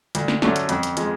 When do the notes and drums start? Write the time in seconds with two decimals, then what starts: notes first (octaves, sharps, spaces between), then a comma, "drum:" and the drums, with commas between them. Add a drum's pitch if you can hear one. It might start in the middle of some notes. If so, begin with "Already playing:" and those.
0.15 D2, drum: hi-hat
0.28 drum: snare
0.42 D3 F#3 A3 C#4, drum: snare
0.56 drum: hi-hat
0.69 F2, drum: hi-hat
0.83 drum: hi-hat
0.97 F3 G#3, drum: hi-hat